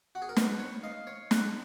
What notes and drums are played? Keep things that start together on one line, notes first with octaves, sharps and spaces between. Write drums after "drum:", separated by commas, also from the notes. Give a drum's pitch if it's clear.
F#4
G#4
A#4
B4 F#5, drum: snare
C#5
D#5 F5
C#5
F#5, drum: snare